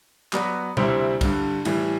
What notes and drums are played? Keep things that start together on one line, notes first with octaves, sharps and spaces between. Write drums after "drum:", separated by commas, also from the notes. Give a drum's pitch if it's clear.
F#3 B3 F#4 B4 D5, drum: clap
D2 C3 G3 C4 E4, drum: tom B2
G2 D3 G3, drum: kick, cymbal
A2 E3 G3, drum: cymbal